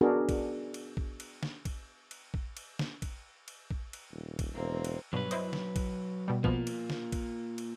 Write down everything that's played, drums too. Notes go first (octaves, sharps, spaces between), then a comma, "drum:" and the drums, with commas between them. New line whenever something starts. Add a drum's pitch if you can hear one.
B3 D4 F#4 G#4 A#4
drum: kick, cymbal
drum: cymbal
drum: kick
drum: cymbal
drum: snare
drum: kick, cymbal
drum: cymbal
drum: kick
drum: cymbal
drum: snare
drum: kick, cymbal
drum: cymbal
drum: kick
drum: cymbal
D#1
drum: kick, cymbal
E1 A#3 C4
drum: cymbal
G2 B2 F#3 B4
E4 C5 D#5, drum: cymbal
drum: snare
drum: kick, cymbal
B2 G3
B2 F3 A#3 B3 F4, drum: kick
drum: cymbal
drum: snare
drum: kick, cymbal
drum: cymbal